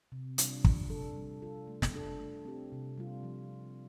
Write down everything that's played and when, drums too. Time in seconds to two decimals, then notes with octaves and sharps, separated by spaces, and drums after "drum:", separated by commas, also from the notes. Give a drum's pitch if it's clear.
0.12 C3
0.38 G3 D4 F4, drum: hi-hat
0.64 F3, drum: kick
0.90 D4 A4
1.16 G3
1.42 F4 A4
1.67 A3
1.82 drum: snare
1.94 D4 A4
2.20 A3
2.45 C4 G4
2.72 C3
2.98 G3 F4
3.23 F3